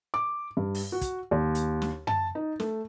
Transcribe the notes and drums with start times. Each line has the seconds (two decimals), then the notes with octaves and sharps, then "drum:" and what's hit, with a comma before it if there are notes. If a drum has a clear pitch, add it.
0.14 D6
0.57 G2
0.75 drum: open hi-hat
0.92 F#4
1.01 drum: kick, hi-hat
1.31 D#2
1.55 drum: hi-hat
1.82 drum: snare
2.07 A5, drum: tom F#2
2.35 D#4
2.60 A3, drum: snare